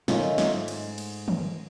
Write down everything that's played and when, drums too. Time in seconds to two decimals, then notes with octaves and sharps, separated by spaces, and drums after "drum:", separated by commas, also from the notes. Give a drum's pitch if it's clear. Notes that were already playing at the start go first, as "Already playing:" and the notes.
0.08 D#3 A3 C#4 D#4 F4, drum: snare
0.38 drum: snare
0.51 G#2
0.68 drum: cymbal
0.98 drum: cymbal
1.28 drum: tom